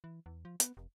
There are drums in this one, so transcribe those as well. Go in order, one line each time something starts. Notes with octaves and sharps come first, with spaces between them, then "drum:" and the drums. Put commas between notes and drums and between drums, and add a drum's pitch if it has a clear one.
E3
E2
F3
B3, drum: hi-hat
F1